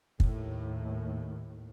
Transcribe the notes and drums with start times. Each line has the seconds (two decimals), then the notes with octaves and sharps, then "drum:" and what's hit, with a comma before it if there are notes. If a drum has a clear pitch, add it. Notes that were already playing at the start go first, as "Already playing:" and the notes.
0.20 D#2 A2, drum: kick